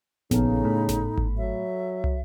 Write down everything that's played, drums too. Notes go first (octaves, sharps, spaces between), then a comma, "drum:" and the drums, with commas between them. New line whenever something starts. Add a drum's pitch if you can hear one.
A#1 C#3 B3 D#4 A4 F5, drum: snare G#1
A2 A4 B5
drum: snare G#1
drum: kick G#1
F#3 E5
drum: tom